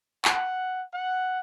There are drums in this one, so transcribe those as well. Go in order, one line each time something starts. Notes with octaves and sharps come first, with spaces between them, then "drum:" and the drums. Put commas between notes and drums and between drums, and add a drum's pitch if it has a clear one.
F#5, drum: clap
F#5